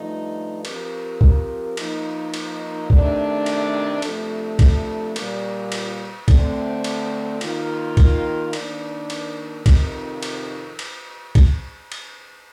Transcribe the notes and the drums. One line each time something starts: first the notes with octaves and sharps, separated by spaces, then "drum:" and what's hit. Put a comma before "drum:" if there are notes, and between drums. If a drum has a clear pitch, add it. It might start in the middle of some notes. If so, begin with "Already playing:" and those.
Already playing: G2 F3 A3 D#4
F3 C4 G4 A#4, drum: cymbal
drum: kick
F3 A#3 D#4, drum: cymbal
drum: cymbal
C3 D#3 A3 D4, drum: kick
drum: cymbal
C3 F3 A3 D4 A4, drum: cymbal
drum: kick, cymbal
A#2 G3 A#3, drum: cymbal
drum: cymbal
D2 D3 A3 C4, drum: kick, cymbal
drum: cymbal
D#3 A#3 F4, drum: cymbal
drum: kick, cymbal
D#3 A#3 D4, drum: cymbal
drum: cymbal
F2 C3 D#3, drum: kick, cymbal
drum: cymbal
drum: cymbal
drum: kick, cymbal
drum: cymbal